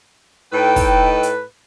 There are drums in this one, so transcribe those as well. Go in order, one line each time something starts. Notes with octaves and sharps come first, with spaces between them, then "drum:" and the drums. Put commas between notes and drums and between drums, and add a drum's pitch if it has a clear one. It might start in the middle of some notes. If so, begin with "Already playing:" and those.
A2 D#4 A4 B4 G5
drum: kick, open hi-hat
drum: hi-hat